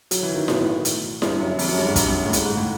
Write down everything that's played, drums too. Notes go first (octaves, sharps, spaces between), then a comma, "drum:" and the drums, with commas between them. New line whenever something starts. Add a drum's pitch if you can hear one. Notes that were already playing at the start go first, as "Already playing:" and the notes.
F#3, drum: hi-hat
E3
D#3
B2, drum: snare E4
A2
drum: hi-hat
G2, drum: snare E4
F#2
F2, drum: open hi-hat
F#2
G2
G#2
G2, drum: kick, hi-hat
A2
G#2, drum: hi-hat
G#2
A2